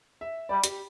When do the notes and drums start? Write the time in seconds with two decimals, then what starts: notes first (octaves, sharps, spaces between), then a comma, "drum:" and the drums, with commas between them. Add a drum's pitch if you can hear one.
0.21 E5
0.49 G3 D5
0.64 G4, drum: hi-hat